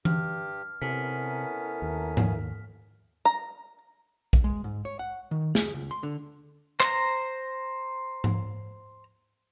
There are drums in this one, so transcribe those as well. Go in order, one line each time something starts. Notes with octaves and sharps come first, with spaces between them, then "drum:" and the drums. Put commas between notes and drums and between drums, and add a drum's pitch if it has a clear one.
G2 G4 F6, drum: tom E3
C3 B3 C#4 E4 A4 A#4 B6
D#2
drum: tom G#2
A#5
drum: kick A#1
G#3
G#2
C#5
F#5
D#3
G#4, drum: snare
C#2
C6
D3
C5 A#5, drum: clap
drum: tom G#2